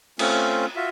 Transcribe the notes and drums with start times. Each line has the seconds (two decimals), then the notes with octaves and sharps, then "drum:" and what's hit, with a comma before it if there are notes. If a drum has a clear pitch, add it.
0.19 A3 C4 C#4 F4, drum: cymbal
0.76 F4 F#4 E5